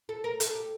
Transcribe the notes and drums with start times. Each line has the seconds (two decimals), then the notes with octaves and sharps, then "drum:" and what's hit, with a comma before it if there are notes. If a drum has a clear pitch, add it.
0.09 A4
0.24 A#4
0.40 A4, drum: hi-hat
0.55 G4